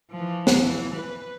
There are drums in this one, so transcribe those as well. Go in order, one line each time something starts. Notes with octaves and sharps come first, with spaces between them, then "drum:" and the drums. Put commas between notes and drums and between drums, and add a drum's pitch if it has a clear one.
E3 F3
drum: snare
E3
B4